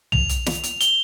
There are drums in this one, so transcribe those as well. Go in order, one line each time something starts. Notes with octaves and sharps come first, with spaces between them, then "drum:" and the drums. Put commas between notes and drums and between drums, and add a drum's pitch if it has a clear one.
F7, drum: tom
drum: hi-hat
drum: snare
drum: hi-hat
G7, drum: hi-hat